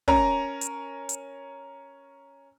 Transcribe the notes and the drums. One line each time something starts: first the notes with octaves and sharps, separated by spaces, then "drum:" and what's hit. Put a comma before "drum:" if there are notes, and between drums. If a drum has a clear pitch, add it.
C#4 A#4 A#5, drum: kick
drum: hi-hat
drum: hi-hat